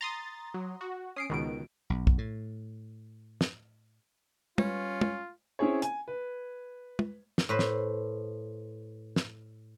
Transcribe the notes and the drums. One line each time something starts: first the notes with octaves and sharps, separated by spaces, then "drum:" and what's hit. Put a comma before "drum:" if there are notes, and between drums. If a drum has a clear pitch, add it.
A#5 C6 D#6 A6
F#3
F#4
C#4 D#6 C7 D7
C#2 B2 D#3 D7
B1
drum: kick
A2
drum: snare
G3 C#4 F4 B4 C#6, drum: tom
drum: tom
C4 C#4 E4 G#4 C#5
G#5, drum: hi-hat
B4
drum: tom
drum: snare
A2 B4 C5
drum: snare
drum: snare